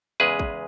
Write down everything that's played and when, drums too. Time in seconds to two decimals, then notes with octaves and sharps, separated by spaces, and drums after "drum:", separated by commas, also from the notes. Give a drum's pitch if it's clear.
0.20 E2 C#3 G#3 G#4 B4
0.39 drum: kick